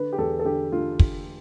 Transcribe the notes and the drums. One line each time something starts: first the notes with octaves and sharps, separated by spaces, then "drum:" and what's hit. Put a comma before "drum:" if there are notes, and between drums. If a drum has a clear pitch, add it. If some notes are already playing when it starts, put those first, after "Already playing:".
Already playing: D3 B4
G4
E2 A4
A4
D3 G4
D3 F4
drum: kick